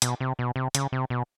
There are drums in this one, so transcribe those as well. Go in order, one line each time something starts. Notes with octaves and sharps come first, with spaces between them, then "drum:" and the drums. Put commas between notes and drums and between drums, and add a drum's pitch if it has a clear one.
B2, drum: hi-hat
C3
B2
C3
C#3, drum: hi-hat
C3
B2